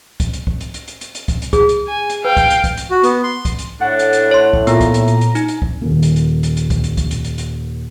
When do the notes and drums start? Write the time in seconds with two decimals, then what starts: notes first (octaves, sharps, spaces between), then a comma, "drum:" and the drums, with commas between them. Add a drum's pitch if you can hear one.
0.20 drum: kick, hi-hat
0.33 drum: hi-hat
0.47 drum: kick
0.61 drum: hi-hat
0.74 drum: hi-hat
0.88 drum: hi-hat
1.01 drum: hi-hat
1.15 drum: hi-hat
1.28 drum: kick, hi-hat
1.42 drum: hi-hat
1.53 G#4, drum: kick, hi-hat
1.69 drum: hi-hat
1.88 G#5
2.10 drum: hi-hat
2.25 B4 F5 G5
2.37 drum: kick, hi-hat
2.50 drum: hi-hat
2.64 drum: kick, hi-hat
2.77 drum: hi-hat
2.91 F#4
3.03 B3, drum: hi-hat
3.24 C6
3.45 drum: kick, hi-hat
3.59 drum: hi-hat
3.81 A2 D4 F#5
3.99 drum: hi-hat
4.13 drum: hi-hat
4.31 C#5 C6
4.53 drum: kick
4.67 A#2 B3 A#5, drum: hi-hat
4.81 drum: kick, hi-hat
4.94 drum: hi-hat
5.08 drum: hi-hat
5.21 drum: hi-hat
5.35 D#4, drum: hi-hat
5.48 drum: hi-hat
5.62 drum: kick
5.82 D#1 A#3
6.02 drum: hi-hat
6.16 drum: hi-hat
6.43 drum: hi-hat
6.57 drum: hi-hat
6.70 drum: kick, hi-hat
6.84 drum: hi-hat
6.97 drum: kick, hi-hat
7.11 drum: hi-hat
7.24 drum: hi-hat
7.38 drum: hi-hat